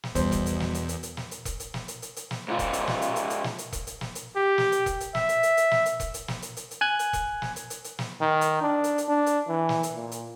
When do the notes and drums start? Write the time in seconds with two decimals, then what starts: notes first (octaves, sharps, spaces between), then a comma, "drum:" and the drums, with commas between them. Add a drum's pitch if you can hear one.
0.03 drum: snare
0.15 E2 B2 F3 G3 C5, drum: hi-hat
0.32 drum: kick E1, hi-hat
0.46 drum: hi-hat
0.60 drum: snare
0.74 drum: hi-hat
0.89 drum: hi-hat
1.03 drum: hi-hat
1.17 drum: snare
1.31 drum: hi-hat
1.45 drum: kick E1, hi-hat
1.60 drum: hi-hat
1.74 drum: snare
1.88 drum: hi-hat
2.02 drum: hi-hat
2.16 drum: hi-hat
2.31 drum: snare
2.48 G#2 F4
2.59 drum: kick E1, hi-hat
2.73 drum: hi-hat
2.87 drum: snare
3.02 drum: hi-hat
3.16 drum: hi-hat
3.30 drum: hi-hat
3.44 drum: snare
3.58 drum: hi-hat
3.73 drum: kick E1, hi-hat
3.87 drum: hi-hat
4.01 drum: snare
4.15 drum: hi-hat
4.36 G4
4.58 drum: snare
4.72 drum: hi-hat
4.86 drum: kick E1, hi-hat
5.00 drum: hi-hat
5.15 E5, drum: snare
5.29 drum: hi-hat
5.43 drum: hi-hat
5.57 drum: hi-hat
5.71 drum: snare
5.86 drum: hi-hat
6.00 drum: kick E1, hi-hat
6.14 drum: hi-hat
6.28 drum: snare
6.42 drum: hi-hat
6.57 drum: hi-hat
6.71 drum: hi-hat
6.81 G#5 F#6 G#6
6.99 drum: hi-hat
7.13 drum: kick E1, hi-hat
7.42 drum: snare
7.56 drum: hi-hat
7.70 drum: hi-hat
7.84 drum: hi-hat
7.99 drum: snare
8.21 D#3
8.41 drum: hi-hat
8.61 D4
8.84 drum: hi-hat
8.98 drum: hi-hat
9.08 D4
9.26 drum: hi-hat
9.48 E3
9.69 drum: snare
9.83 drum: hi-hat
9.95 A#2
10.12 drum: hi-hat